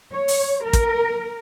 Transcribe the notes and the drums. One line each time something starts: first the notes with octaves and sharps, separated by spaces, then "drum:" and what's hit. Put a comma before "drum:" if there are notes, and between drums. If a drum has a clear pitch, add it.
C#5
drum: open hi-hat
A#4
drum: kick, hi-hat